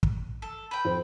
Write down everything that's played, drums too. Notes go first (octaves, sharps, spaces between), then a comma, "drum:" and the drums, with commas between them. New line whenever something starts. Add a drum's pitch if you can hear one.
drum: kick
A4
B4 G5
F2 C5